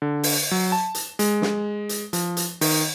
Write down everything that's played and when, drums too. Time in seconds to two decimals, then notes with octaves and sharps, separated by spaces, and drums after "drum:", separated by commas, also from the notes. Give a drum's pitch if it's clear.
0.02 D3
0.23 drum: open hi-hat
0.51 F#3
0.72 A5
0.95 drum: hi-hat
1.19 G#3, drum: hi-hat
1.42 drum: snare
1.89 drum: hi-hat
2.13 F3, drum: hi-hat
2.37 drum: hi-hat
2.61 D#3, drum: open hi-hat